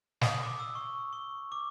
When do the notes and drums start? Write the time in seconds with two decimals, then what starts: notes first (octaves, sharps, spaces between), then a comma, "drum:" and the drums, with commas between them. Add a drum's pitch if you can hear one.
0.21 D#6, drum: snare
0.43 D6
0.60 E6
0.75 C#6
1.13 C#6
1.52 D6